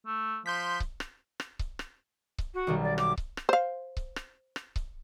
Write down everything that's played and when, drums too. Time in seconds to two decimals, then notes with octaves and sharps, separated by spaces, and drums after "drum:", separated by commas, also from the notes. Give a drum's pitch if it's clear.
0.06 A3
0.46 F3 C6 G6 B6
0.80 drum: kick C#1
1.00 drum: rim click
1.40 drum: rim click
1.59 drum: kick C#1
1.79 drum: rim click
2.38 drum: kick C#1
2.54 F#4
2.67 B1 D#3 G3
2.83 D5
2.98 D6, drum: rim click
3.18 drum: kick C#1
3.37 drum: rim click
3.49 C5 F5
3.97 drum: kick C#1
4.16 drum: rim click
4.56 drum: rim click
4.76 drum: kick C#1